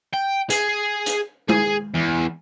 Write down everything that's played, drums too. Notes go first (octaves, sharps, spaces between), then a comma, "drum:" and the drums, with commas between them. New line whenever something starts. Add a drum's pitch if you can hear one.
G5
G#4, drum: hi-hat
drum: hi-hat
G#4, drum: tom G#3
E2